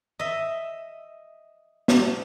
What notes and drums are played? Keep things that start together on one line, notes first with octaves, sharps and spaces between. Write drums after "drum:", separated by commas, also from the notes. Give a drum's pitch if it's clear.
D#5 E5
drum: snare